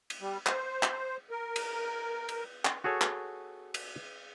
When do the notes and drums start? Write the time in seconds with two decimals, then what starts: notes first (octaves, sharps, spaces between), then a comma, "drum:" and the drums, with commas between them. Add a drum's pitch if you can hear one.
0.10 drum: cymbal
0.21 G3
0.47 C5, drum: clap
0.83 drum: clap
1.31 A#4
1.56 drum: cymbal
2.29 drum: cymbal
2.65 drum: clap
2.84 F#4 G#4 A4 C#5
3.01 drum: clap
3.74 drum: cymbal